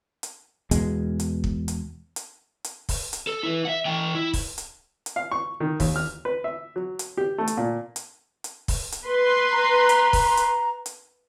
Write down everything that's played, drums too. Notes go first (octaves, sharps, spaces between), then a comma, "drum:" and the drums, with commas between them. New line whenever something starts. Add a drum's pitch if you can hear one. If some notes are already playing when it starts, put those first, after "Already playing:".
drum: hi-hat
E2 B2 G#3, drum: hi-hat
drum: hi-hat
drum: kick
drum: hi-hat
drum: hi-hat
drum: hi-hat
drum: kick, open hi-hat
drum: hi-hat
A4
E3 E4
E5 F#5
E3 G5
E4
drum: kick, open hi-hat
drum: hi-hat
drum: hi-hat
F5
C#6
D#3
D#2, drum: kick, open hi-hat
F6
B4
E5
F#3
drum: hi-hat
G4
A3
drum: hi-hat
A#2
drum: hi-hat
drum: hi-hat
drum: kick, open hi-hat
drum: hi-hat
B4 C6
A#5
drum: hi-hat
drum: kick, open hi-hat
drum: hi-hat
drum: hi-hat